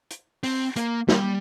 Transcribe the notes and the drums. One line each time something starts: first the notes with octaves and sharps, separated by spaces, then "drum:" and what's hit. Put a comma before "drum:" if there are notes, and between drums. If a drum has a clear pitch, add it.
drum: hi-hat
C4, drum: open hi-hat
A#3, drum: hi-hat
G3, drum: snare